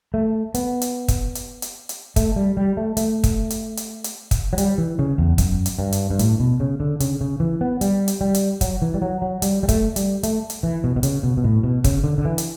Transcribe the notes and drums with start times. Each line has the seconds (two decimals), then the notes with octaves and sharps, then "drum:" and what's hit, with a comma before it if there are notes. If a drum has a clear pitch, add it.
0.14 A3
0.54 B3, drum: hi-hat
0.82 drum: hi-hat
1.08 drum: kick, hi-hat
1.35 drum: hi-hat
1.62 drum: hi-hat
1.89 drum: hi-hat
2.16 A3, drum: kick, hi-hat
2.36 G3
2.57 G3
2.77 A3
2.97 A3, drum: hi-hat
3.24 drum: kick, hi-hat
3.50 drum: hi-hat
3.77 drum: hi-hat
4.04 drum: hi-hat
4.31 drum: kick, hi-hat
4.53 F#3
4.58 G3, drum: hi-hat
4.78 E3
4.99 C#3
5.18 E2
5.38 F#2, drum: kick, hi-hat
5.66 drum: hi-hat
5.79 G2
5.92 drum: hi-hat
6.10 G2
6.19 A2, drum: hi-hat
6.40 B2
6.60 C#3
6.80 D3
7.00 C#3, drum: hi-hat
7.21 C#3
7.40 E3
7.61 B3
7.81 G3, drum: hi-hat
8.08 drum: hi-hat
8.21 G3
8.35 drum: hi-hat
8.61 F#3, drum: kick, hi-hat
8.82 E3
8.94 G3
9.02 F#3
9.22 F#3
9.42 G3, drum: hi-hat
9.63 G3
9.69 A3, drum: kick, hi-hat
9.96 G3, drum: hi-hat
10.23 A3, drum: hi-hat
10.50 drum: hi-hat
10.63 E3
10.84 B2
10.96 B2
11.03 C#3, drum: hi-hat
11.23 B2
11.37 B2
11.44 A2
11.63 B2
11.84 C#3, drum: kick, hi-hat
12.04 D3
12.18 D3
12.25 E3
12.38 drum: hi-hat